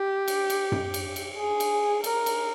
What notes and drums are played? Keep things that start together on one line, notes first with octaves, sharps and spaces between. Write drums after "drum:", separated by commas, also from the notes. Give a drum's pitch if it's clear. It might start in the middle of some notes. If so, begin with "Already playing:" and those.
Already playing: G4
drum: cymbal
drum: cymbal
drum: tom F#2
drum: cymbal
drum: cymbal
G#4
drum: cymbal
A#4, drum: cymbal
drum: cymbal